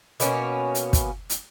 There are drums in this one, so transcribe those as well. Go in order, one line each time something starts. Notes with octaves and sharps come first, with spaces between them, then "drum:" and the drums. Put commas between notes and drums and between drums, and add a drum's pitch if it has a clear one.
B2 A#3 B3 C#4, drum: hi-hat
drum: hi-hat
drum: kick, hi-hat
drum: hi-hat